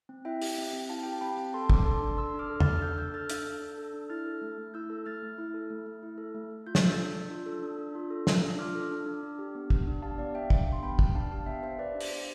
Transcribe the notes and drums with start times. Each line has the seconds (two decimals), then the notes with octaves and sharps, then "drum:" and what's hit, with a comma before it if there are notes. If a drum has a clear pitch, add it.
0.09 C4
0.25 E4 E5 G5
0.42 G4, drum: open hi-hat
0.58 C4
0.73 C4
0.89 E4 F5 A5
1.03 G4 G5
1.13 A5
1.21 C4 G5 B5
1.37 C4
1.53 A4 A5 C6
1.70 D4 D6, drum: kick
1.85 A4 A5 C6
2.02 D4
2.18 A4 C6 E6
2.34 D4
2.39 D6 F6
2.50 A4
2.60 D4 F6 A6, drum: tom E2
2.82 A4 E6 G6
2.98 D4 E6 G6
3.14 A4 F6 A6
3.30 D4 E6 G6, drum: hi-hat
3.46 A4
3.62 D4
3.78 A4
3.94 D4
4.10 E4 F6 A6
4.26 A4
4.41 A3
4.58 A3
4.74 E4 E6 G6
4.90 A4
5.06 A3 F6 A6
5.22 A3
5.38 E4
5.54 A4
5.70 A3
5.86 A3
6.03 E4
6.18 A4
6.35 A3
6.50 A3
6.67 F4 G6
6.75 A6, drum: snare
6.83 A4 E6 G6
6.99 D4
7.15 D4
7.31 F4
7.46 A4
7.62 D4
7.79 D4
7.95 F4
8.10 A4
8.27 D4, drum: snare
8.43 D4
8.59 F4 D6 F6
8.75 A4
8.91 D4
9.06 D4
9.23 D4
9.39 G4
9.55 B3
9.70 B3, drum: kick
9.87 D4
10.02 G4 F5 A5
10.18 B3 D5 F5
10.35 B3 E5 G5
10.50 D4, drum: kick
10.67 G4
10.72 C6
10.83 B3 G5 B5
10.99 B3, drum: kick
11.15 D4 F5 A5
11.31 G4 F5 A5
11.46 B3 E5 G5
11.63 B3 C5 E5
11.79 G4 B4 D5
11.95 D4
12.01 C5, drum: open hi-hat
12.11 G4